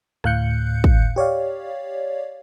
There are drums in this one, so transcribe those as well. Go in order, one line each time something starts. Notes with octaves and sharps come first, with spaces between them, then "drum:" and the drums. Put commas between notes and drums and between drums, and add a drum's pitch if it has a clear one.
D2 A2 F5 F#6 G6 C#7, drum: rim click
drum: kick
G4 C#5 D5 F5